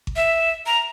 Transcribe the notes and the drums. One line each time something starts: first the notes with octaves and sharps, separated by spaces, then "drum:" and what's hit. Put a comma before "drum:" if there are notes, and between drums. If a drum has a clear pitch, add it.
drum: kick G#1
E5
A#5